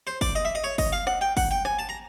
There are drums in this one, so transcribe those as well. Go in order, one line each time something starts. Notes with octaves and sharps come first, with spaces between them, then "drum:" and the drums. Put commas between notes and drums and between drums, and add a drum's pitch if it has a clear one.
C5
D5, drum: kick G1, open hi-hat
D#5
E5
D#5
C#5
D#5, drum: kick G1, open hi-hat
F5
F#5, drum: rim click
G5
F#5, drum: kick G1, open hi-hat
G5
G#5, drum: rim click
A5
A#5